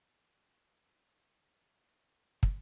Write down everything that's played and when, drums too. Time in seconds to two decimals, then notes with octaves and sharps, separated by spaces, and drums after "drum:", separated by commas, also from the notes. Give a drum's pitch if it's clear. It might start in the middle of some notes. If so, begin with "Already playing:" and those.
0.10 B2
0.32 G#2
0.52 F#2
0.74 F#2
0.95 G#2
1.16 D#3
1.37 F#3
1.59 D#3
1.79 C#3
2.00 B2
2.21 G#2
2.43 drum: kick